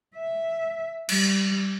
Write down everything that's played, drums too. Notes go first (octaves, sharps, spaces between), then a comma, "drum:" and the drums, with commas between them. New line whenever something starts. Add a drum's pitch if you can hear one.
E5
G3, drum: cymbal